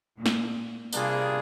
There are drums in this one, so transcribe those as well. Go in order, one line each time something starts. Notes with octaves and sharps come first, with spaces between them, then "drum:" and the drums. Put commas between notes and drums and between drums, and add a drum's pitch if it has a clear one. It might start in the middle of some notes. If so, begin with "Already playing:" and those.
A#2
drum: snare
C3 G3 A#3 D4 F4 G#4, drum: tambourine